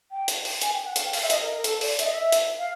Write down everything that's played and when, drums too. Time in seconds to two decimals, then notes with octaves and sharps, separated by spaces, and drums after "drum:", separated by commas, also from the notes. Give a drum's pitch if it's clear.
0.11 G5
0.28 drum: hi-hat
0.45 drum: open hi-hat
0.61 G#5, drum: hi-hat
0.73 G5
0.85 F#5
0.96 F5, drum: hi-hat
1.05 G5
1.13 F5, drum: open hi-hat
1.22 E5
1.30 D#5, drum: hi-hat
1.42 A#4
1.53 A#4
1.64 A4, drum: hi-hat
1.81 D5, drum: open hi-hat
1.99 E5, drum: hi-hat
2.05 D#5
2.12 E5
2.32 drum: hi-hat
2.58 F5